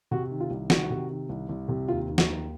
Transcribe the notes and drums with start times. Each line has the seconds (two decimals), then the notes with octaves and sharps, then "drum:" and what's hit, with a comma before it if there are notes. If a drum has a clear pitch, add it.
0.11 C3 F#4
0.31 D#3
0.40 F4
0.51 C2
0.70 D#3 F#4, drum: snare
0.90 C3
1.10 D#3
1.29 C2
1.49 C2
1.68 C3
1.88 D#2 F4
2.08 D#2
2.18 F#4, drum: snare
2.28 D#3